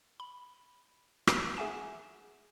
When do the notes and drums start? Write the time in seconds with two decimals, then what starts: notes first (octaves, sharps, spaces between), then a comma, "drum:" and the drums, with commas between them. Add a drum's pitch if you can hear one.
0.20 B5
1.27 drum: rim click
1.57 G#4 E5 F#5 G#5 E7